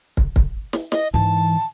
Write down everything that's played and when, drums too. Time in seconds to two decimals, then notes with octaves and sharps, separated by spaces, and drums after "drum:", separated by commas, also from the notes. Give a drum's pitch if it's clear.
0.17 drum: kick
0.36 drum: kick
0.73 drum: snare
0.92 D#5, drum: snare
1.14 G#2 E3 A5